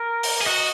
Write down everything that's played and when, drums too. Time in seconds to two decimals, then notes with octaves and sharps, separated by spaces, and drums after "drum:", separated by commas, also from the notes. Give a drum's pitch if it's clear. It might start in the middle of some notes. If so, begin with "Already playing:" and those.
Already playing: A#4
0.23 drum: open hi-hat
0.41 G#4
0.46 F#4 D#5